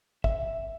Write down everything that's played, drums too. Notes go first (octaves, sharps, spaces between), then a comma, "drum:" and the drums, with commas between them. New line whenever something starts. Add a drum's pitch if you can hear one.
E5, drum: kick